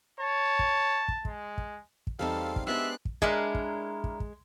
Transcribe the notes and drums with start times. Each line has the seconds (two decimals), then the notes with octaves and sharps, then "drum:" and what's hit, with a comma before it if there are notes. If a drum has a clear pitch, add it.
0.20 C#5 A5
0.59 drum: kick
1.08 drum: kick
1.25 G#3, drum: kick
1.58 drum: kick
2.07 drum: kick
2.19 E2 G3 C4 D#4 A4 F5
2.56 drum: kick
2.67 G#3 B3 D4 G4 E5 F#6 C7
3.05 drum: kick
3.22 G#3 D4 E4 A#4, drum: kick
3.55 drum: kick
4.04 drum: kick
4.20 drum: kick